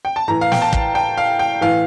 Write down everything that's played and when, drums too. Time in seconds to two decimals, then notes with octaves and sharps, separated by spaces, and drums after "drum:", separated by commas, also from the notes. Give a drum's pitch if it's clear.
0.05 G5
0.16 A5
0.28 A2 E3 A#5
0.41 F5
0.52 G5, drum: snare
0.62 A5
0.73 drum: kick
0.95 G5
1.18 F5
1.39 G5
1.61 A2 E3 F5